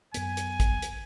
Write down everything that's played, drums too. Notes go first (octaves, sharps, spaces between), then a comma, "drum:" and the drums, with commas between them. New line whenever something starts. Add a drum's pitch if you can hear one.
F#2 B3 G#5, drum: hi-hat
drum: hi-hat
drum: kick A1, hi-hat
drum: hi-hat